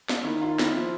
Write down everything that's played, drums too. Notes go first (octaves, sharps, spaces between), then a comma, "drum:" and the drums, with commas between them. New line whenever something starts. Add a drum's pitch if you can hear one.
drum: snare
D#3 E4
F4
E4, drum: snare
F3